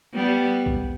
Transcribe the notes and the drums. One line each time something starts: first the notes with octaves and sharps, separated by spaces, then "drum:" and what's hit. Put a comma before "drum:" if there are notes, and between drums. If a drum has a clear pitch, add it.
G3 B3
drum: kick B1